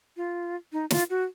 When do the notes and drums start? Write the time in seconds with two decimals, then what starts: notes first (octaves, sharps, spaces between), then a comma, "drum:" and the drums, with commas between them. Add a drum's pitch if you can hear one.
0.17 F4
0.73 D#4
0.90 F4, drum: snare
1.10 F#4